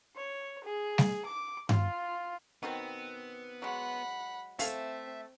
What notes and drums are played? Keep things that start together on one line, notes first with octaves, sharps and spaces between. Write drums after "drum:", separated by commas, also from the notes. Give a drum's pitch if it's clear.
C#5
G#4
drum: snare G3
D6
F4, drum: tom G2
B2 D#3 B3 C4
F#3 G#3 F#5 B5
A3 C4 E5 F5 G#5, drum: open hi-hat